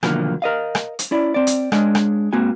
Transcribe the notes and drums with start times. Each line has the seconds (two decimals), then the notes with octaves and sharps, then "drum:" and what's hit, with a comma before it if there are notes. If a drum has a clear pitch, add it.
0.03 B2 D3 D#3 F3 F#3 A#3, drum: rim click
0.42 A#4 D#5 F5
0.75 drum: rim click
0.99 drum: hi-hat
1.11 C#4 E4 D5
1.34 C4 D5
1.47 drum: hi-hat
1.72 G#3 D4 C#5 D#5, drum: rim click
1.95 drum: rim click
2.33 G#2 A#3 C4 F#4 G#5